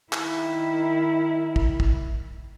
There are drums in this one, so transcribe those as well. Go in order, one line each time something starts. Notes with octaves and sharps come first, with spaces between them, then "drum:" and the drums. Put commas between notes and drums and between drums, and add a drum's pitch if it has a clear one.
D#3 E4, drum: clap
drum: kick
drum: kick